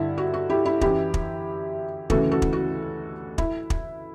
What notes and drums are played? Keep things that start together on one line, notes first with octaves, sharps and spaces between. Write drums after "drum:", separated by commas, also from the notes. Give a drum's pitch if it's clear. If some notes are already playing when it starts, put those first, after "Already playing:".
Already playing: G2 D3 E4
F#4
F#4
E4 G4
E4
F#2 E3 E4 G4, drum: kick
drum: kick
D2 C#3 E3 F#4 A4, drum: kick
F#4 A4
drum: kick
F#4
E4, drum: kick
drum: kick